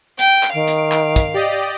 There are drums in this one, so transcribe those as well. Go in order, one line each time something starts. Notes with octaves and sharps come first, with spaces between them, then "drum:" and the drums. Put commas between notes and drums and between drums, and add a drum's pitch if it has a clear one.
G5, drum: hi-hat
drum: clap
D#3 F5 D7
drum: hi-hat
drum: clap
drum: kick, hi-hat
G4 D5 D#5